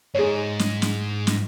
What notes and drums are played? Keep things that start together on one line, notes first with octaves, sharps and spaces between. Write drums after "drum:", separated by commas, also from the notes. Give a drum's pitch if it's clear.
G#2 G#4 C#5
drum: snare
drum: snare
drum: snare